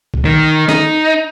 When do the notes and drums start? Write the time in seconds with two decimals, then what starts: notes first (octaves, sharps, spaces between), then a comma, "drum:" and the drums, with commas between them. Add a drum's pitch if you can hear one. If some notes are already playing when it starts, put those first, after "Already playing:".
0.14 drum: kick
0.25 D#3
0.69 D#4, drum: snare